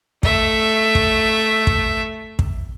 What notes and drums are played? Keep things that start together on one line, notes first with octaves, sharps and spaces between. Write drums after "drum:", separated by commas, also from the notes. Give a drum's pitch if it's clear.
A3 E5, drum: kick
drum: kick
drum: kick
drum: kick